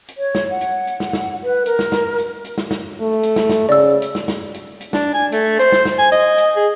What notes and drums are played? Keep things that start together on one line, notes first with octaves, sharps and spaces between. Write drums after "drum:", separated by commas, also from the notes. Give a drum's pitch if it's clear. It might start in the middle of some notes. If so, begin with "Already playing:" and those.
drum: hi-hat
C#5
drum: snare
F#5
drum: hi-hat
drum: hi-hat
drum: snare
drum: snare
B4
A#4, drum: hi-hat
drum: snare
drum: snare
drum: hi-hat
drum: hi-hat
drum: snare
drum: snare
A3
drum: hi-hat
drum: snare
drum: snare
C#3 D5 E6
drum: hi-hat
drum: snare
drum: snare
drum: hi-hat
drum: hi-hat
D4, drum: snare
G#5
A3, drum: hi-hat
C5, drum: hi-hat
drum: snare
drum: snare
G#5
D#5, drum: hi-hat
drum: hi-hat
G#4